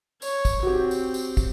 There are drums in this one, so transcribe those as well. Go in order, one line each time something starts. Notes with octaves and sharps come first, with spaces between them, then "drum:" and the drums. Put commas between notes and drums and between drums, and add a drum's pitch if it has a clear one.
C#5, drum: tambourine
drum: kick, tambourine
C4 F#4 G4
drum: tambourine
drum: tambourine
drum: kick, tambourine